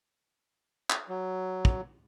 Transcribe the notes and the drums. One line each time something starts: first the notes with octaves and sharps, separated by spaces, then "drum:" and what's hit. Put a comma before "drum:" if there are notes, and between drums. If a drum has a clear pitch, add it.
drum: clap
F#3
drum: kick